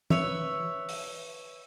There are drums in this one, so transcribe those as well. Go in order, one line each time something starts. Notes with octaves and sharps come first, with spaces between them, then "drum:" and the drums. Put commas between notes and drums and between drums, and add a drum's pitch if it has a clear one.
B4 C#5 E5, drum: tom
drum: open hi-hat